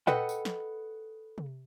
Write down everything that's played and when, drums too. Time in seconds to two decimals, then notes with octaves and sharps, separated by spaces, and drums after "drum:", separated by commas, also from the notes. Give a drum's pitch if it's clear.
0.07 A4 B4 D#5 F#5 G5, drum: tom A#2
0.29 drum: tambourine
0.45 drum: snare
1.38 drum: tom C3